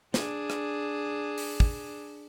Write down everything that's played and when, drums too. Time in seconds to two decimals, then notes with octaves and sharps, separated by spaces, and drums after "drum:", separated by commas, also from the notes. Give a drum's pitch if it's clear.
0.14 D4 G#4, drum: snare
0.50 drum: rim click
1.38 drum: open hi-hat
1.60 drum: kick